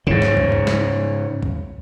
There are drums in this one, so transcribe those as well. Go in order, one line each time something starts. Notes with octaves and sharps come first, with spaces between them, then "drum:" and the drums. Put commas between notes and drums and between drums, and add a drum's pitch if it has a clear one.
G#2 C#3, drum: kick
drum: snare
drum: kick
drum: kick
drum: snare
drum: kick